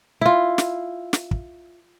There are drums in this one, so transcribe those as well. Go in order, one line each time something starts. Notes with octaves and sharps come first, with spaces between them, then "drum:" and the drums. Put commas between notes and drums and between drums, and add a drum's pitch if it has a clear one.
E4 F4
drum: snare
drum: snare
drum: kick